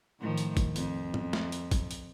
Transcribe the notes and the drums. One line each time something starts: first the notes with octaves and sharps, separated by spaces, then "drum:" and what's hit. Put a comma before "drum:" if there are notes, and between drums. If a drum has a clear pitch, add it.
A2 D#3 F3
drum: hi-hat
drum: kick, hi-hat
F2, drum: hi-hat
drum: tom G#2
drum: snare
drum: hi-hat
drum: kick, hi-hat
drum: hi-hat